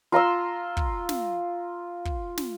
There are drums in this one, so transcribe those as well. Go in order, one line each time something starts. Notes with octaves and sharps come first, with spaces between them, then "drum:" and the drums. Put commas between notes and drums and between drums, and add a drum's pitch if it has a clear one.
F4 A#5 C6 E6
drum: kick
drum: snare
drum: kick
drum: snare